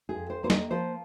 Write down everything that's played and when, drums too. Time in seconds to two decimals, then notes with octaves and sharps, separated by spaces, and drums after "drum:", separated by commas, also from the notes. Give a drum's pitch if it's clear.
0.09 G#4
0.15 F2
0.30 C5
0.43 A#3 C5
0.50 D#5, drum: snare
0.71 F3 C5